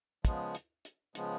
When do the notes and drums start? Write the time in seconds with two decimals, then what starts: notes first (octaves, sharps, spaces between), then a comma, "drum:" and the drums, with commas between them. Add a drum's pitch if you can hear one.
0.25 C#3 F3 G#3 B3, drum: kick, hi-hat
0.55 drum: hi-hat
0.85 drum: hi-hat
1.15 C#3 F3 G#3 B3, drum: hi-hat